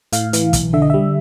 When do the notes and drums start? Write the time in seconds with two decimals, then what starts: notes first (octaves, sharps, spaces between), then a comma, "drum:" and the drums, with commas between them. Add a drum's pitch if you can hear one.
0.12 A2 F5, drum: hi-hat
0.33 E3, drum: hi-hat
0.53 B1, drum: kick, hi-hat
0.73 D3 E5
0.82 D#5
0.90 G3 E5